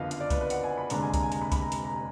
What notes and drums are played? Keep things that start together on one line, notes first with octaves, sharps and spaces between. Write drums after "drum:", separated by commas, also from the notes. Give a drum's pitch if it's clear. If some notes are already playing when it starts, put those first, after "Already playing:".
Already playing: F#1 F2 D3 F3 B3 B4 D#5 F5
F5, drum: hi-hat
D5
B4, drum: kick C2, hi-hat
B4
F#5, drum: hi-hat
G#5
B5
F1 D#2 D3 G#3 D4 A#5, drum: hi-hat
G#5
A#5, drum: kick C2, hi-hat
G#5
A#5, drum: hi-hat
B5
B5, drum: kick C2, hi-hat
A#5
drum: hi-hat
A#5